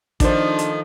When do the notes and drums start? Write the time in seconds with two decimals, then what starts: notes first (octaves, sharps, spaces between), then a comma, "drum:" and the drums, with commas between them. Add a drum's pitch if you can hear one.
0.20 D#3 F3 A3 D4 C5, drum: kick A1, hi-hat
0.58 drum: hi-hat